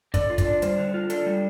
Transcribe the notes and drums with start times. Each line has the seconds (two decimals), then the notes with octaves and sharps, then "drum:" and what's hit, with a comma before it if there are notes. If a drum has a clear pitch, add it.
0.14 D3 D5, drum: kick, hi-hat
0.30 F4
0.38 D5, drum: kick, hi-hat
0.46 D4
0.62 G3 C5, drum: hi-hat
0.78 D3
0.94 F4
1.10 D4 A4, drum: hi-hat
1.26 G3